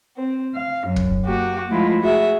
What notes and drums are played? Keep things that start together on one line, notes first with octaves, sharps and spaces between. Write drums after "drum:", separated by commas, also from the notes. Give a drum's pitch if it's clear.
C4
F5
F#2
drum: kick
A#3 F#4 G4
F3 G#3 A3 E4 F4
F#4 G#4 E5